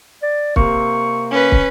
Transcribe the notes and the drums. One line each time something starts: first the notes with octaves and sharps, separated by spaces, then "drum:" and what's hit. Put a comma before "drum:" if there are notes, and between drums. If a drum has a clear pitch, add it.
D5
C3 A#3 C4 C#6, drum: kick
C#4 B4
drum: kick